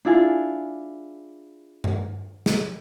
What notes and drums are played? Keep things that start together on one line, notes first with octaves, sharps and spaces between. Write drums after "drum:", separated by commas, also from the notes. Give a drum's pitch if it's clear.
D4 E4 F4 G#4
drum: tom G2
drum: snare